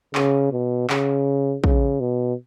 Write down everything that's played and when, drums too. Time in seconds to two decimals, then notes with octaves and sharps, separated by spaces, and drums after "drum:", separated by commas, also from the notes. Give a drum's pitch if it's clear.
0.15 C#3, drum: clap
0.52 B2
0.90 C#3, drum: clap
1.64 C#3, drum: kick
2.00 B2